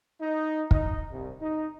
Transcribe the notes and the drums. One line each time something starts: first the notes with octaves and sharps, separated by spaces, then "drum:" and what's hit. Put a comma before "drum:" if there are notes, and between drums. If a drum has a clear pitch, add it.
D#4
D#4, drum: kick
C2
D#4